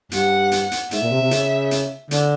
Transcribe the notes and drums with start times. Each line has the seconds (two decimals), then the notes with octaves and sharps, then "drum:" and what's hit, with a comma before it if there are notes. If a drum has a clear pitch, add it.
0.11 G2 F#5, drum: hi-hat
0.52 drum: hi-hat
0.71 drum: hi-hat
0.91 G#2 E5, drum: hi-hat
1.01 A#2
1.11 C3
1.21 C3
1.31 C#3, drum: hi-hat
1.71 drum: hi-hat
2.11 D3, drum: hi-hat